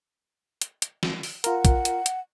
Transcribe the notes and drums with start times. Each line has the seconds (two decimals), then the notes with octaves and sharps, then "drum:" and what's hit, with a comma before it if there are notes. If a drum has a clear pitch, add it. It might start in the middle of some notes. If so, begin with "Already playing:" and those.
0.62 drum: hi-hat
0.82 drum: hi-hat
1.03 drum: snare
1.23 drum: open hi-hat
1.44 F4 A#4 F#5, drum: hi-hat
1.65 drum: kick, hi-hat
1.85 drum: hi-hat
2.06 drum: hi-hat